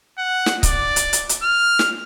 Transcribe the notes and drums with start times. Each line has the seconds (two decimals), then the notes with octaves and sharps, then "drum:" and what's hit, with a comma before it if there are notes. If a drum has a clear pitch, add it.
0.18 F#5
0.46 drum: snare
0.63 D5, drum: kick C#1, hi-hat
0.96 drum: hi-hat
1.13 drum: hi-hat
1.29 drum: hi-hat
1.43 F6
1.79 drum: snare